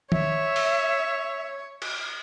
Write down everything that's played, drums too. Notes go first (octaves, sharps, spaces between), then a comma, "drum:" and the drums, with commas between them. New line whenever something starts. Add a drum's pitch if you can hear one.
C#5 E5, drum: tom D#3
drum: open hi-hat
drum: cymbal